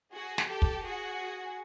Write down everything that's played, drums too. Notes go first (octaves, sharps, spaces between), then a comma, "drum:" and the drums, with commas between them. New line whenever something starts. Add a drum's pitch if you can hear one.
F#4 G#4
drum: snare
G4 A4
drum: kick
F#4 G#4